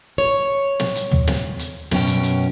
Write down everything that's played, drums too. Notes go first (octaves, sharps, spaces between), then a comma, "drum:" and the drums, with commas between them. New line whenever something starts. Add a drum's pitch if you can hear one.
C#5
drum: snare
drum: hi-hat
drum: tom
drum: snare
drum: hi-hat
F#2 B2 C#4 G5, drum: snare
drum: hi-hat
drum: hi-hat